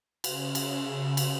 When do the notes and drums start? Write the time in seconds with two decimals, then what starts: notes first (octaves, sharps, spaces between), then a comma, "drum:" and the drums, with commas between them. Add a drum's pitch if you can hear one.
0.24 C#3, drum: cymbal
0.55 drum: cymbal
1.17 drum: cymbal